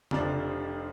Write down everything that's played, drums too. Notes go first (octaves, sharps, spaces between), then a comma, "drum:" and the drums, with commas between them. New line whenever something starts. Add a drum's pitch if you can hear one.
F1 F2 C3 F3 D4, drum: tom C#3